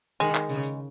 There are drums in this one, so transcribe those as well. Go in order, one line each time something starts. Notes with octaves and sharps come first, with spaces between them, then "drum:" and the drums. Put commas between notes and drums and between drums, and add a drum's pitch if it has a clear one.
D#3 G#3, drum: hi-hat
drum: clap
C#3, drum: hi-hat
drum: hi-hat